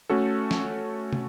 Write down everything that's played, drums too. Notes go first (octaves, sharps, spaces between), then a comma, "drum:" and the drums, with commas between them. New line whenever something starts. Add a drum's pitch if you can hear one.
A3 C#4 F#4 A4
drum: snare
drum: tom